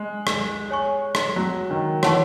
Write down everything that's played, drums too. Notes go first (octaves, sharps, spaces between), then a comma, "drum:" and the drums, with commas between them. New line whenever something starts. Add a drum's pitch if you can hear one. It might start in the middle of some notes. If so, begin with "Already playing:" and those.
Already playing: G#3
drum: rim click
C#5 G#5 C#6
drum: rim click
F#3
D#3
E3 C#5 F#5 A5 C#6, drum: rim click